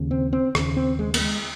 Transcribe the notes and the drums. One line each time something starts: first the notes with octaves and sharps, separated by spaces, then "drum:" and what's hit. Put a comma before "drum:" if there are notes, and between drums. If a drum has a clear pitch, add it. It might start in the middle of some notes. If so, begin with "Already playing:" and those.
Already playing: D#2 C#3
C4
C4
D#2 C#3, drum: rim click
C4
G#3
A#3, drum: cymbal
G#3